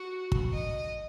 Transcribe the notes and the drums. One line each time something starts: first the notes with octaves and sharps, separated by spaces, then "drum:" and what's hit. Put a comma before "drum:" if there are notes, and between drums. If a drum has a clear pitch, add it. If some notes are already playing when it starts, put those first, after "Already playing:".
Already playing: F#4
drum: kick
D#5